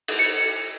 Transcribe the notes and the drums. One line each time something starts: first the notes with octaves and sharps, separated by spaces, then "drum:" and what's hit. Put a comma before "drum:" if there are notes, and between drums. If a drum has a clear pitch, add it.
drum: cymbal
C#7